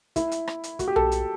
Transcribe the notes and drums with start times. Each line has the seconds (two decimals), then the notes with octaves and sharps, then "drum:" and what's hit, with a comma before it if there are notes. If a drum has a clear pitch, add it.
0.16 E4, drum: kick, hi-hat
0.32 drum: hi-hat
0.48 drum: rim click
0.64 drum: hi-hat
0.79 F#4, drum: kick, hi-hat
0.88 G4
0.96 A4, drum: tom B1
1.12 drum: hi-hat